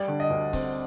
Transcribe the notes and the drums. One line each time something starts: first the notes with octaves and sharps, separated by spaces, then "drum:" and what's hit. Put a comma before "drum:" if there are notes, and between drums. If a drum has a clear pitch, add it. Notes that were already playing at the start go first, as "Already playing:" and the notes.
Already playing: G3 D5
D3
D#5
D2
C4, drum: kick C#1, open hi-hat